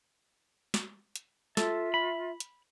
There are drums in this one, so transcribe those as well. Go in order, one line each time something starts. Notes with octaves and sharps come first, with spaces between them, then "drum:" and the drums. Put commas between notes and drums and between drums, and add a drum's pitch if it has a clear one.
drum: snare
drum: hi-hat
F4 A4 E5, drum: snare
B5
drum: hi-hat